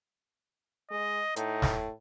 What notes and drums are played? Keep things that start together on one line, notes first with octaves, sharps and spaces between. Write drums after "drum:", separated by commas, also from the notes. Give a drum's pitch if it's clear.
G#3 D#5
A2 D#4, drum: hi-hat
drum: snare